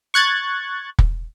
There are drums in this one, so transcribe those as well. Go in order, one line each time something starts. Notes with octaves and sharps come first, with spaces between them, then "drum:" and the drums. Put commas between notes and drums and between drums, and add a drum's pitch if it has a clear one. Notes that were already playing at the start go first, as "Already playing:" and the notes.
C#6 F#6 G#6 A6
drum: kick